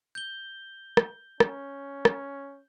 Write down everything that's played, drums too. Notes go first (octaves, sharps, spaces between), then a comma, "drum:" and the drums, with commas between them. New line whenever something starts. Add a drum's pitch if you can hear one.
G6 G7
drum: rim click
C#4, drum: rim click
drum: rim click